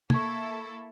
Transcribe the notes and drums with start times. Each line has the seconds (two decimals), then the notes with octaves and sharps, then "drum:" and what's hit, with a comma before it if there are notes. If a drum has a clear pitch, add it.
0.10 A#3 E4 A4 C#6 G#6, drum: tom